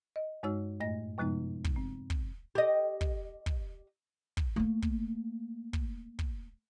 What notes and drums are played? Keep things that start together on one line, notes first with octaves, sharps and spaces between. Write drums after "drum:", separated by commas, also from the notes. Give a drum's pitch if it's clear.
D#5
G2 G#3 D#4 F#4 C#5 E6
F#2 A2 A3 D#5 A#6
F#2 C3 F3 G#3 B3 D#4
drum: kick
C4
drum: kick
G4 D#5
drum: kick
drum: kick
drum: kick
A3 A#3
drum: kick
drum: kick
drum: kick